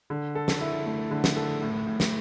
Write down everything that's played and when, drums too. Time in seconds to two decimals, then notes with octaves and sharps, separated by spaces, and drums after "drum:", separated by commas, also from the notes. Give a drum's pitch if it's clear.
0.10 D3
0.35 A4
0.48 drum: snare
0.61 E4
0.86 A3
1.11 D3
1.24 drum: snare
1.36 A4
1.62 A2
1.87 A2
2.00 drum: snare